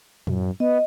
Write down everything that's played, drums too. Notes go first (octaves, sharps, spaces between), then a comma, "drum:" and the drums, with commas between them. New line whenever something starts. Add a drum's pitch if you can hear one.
F#2, drum: tom A2
B3 D#5